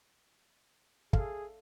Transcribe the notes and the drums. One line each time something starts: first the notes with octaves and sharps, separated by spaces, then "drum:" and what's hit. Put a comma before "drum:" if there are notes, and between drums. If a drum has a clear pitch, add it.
G#4 A4 F5, drum: kick